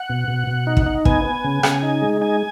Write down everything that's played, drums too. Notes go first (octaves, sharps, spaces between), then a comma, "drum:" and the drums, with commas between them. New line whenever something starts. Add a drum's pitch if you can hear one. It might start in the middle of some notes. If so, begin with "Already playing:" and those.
Already playing: F#5
B2
B2
B2
D#4
drum: kick
D#4
B3 G#5, drum: kick
B3
C#3
C#3, drum: rim click
D#4
G#3
D#4 G#5